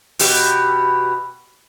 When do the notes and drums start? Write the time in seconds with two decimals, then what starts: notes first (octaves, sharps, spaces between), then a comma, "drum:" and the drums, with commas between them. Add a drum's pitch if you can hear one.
0.19 B2 G4, drum: open hi-hat